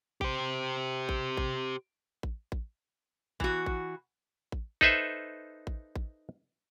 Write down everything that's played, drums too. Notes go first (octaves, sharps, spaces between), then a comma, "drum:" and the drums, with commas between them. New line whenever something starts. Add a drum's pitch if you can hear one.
G4 C5, drum: kick A1
drum: kick A1
drum: kick A1
drum: kick A1
drum: kick A1
E3 F#4, drum: kick A1
drum: kick A1
drum: kick A1
D#4 A4 B4 C5 E5, drum: kick A1
drum: kick A1
drum: kick A1